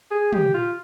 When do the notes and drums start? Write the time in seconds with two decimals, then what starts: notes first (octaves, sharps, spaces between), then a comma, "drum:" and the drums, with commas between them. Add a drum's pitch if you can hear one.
0.11 G#4
0.32 G4, drum: tom
0.54 F4